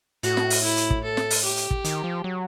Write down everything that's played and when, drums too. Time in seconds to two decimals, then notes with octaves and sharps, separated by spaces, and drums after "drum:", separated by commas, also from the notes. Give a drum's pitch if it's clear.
0.23 A2 F#4, drum: hi-hat
0.37 drum: snare
0.50 drum: open hi-hat
0.64 E4
0.77 drum: hi-hat
0.90 drum: kick
1.04 A4
1.17 drum: snare
1.30 drum: open hi-hat
1.44 G4
1.57 drum: hi-hat
1.71 drum: kick
1.84 D#3, drum: hi-hat
2.04 F3
2.24 F#3